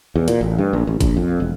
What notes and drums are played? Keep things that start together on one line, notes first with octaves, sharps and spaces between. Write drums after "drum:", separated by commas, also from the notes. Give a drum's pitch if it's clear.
E2
A#2, drum: hi-hat
A1
G2
A#1
A1
A#1, drum: kick G1, hi-hat
F2
E1